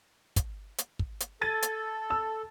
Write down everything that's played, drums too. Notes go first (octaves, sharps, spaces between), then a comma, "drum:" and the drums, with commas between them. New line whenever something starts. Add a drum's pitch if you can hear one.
drum: kick, hi-hat
drum: hi-hat
drum: kick
drum: hi-hat
A4 G#6 A6 D#7
drum: hi-hat
A5 E6